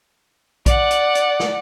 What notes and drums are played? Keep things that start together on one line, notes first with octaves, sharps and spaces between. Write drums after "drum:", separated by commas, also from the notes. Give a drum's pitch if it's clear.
D5 F#5, drum: kick A#1, hi-hat
drum: hi-hat
drum: hi-hat
drum: snare